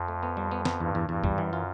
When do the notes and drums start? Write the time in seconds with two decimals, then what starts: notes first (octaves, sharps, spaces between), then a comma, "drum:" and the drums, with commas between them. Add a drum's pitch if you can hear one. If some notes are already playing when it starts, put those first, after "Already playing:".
Already playing: F2
0.08 A3
0.23 B3
0.37 G3
0.52 B3
0.65 B3, drum: snare
0.80 E2 G2
0.95 E2
1.09 E2 G2
1.24 G3, drum: kick
1.38 F#2 E3
1.53 F4